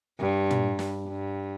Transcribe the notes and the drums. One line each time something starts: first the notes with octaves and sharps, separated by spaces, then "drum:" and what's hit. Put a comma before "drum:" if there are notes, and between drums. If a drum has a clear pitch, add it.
G2
drum: tom
drum: snare
G2